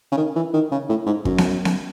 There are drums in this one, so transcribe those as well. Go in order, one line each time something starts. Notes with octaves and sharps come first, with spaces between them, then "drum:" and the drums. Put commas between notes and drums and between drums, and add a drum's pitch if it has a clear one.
C#3
D#3
E3
D#3
C#3
A2
G#2
F#2, drum: kick
drum: snare B3
drum: snare B3